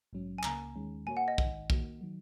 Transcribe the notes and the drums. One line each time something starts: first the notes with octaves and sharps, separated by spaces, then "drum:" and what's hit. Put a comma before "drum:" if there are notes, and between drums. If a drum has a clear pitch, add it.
A#1 G#2 F#3 C#4
G#5
C#2 C#3 A#3 A#5, drum: clap
D#2 D#3 G#3 C#4
A#2 A#3 F#4 A#4 C#5 G#5
F#5
D#5
G#1 G#2 D#3, drum: kick
D#3 A#3 F#4, drum: kick
D#3 F#3